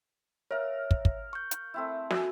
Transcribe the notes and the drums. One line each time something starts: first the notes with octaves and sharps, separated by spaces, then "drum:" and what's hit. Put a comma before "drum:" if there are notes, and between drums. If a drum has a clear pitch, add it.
A#4 C#5 E5 F5
drum: kick
drum: kick
C#6 G6
drum: hi-hat
A3 C4 E4
F#4 A4 G#5, drum: snare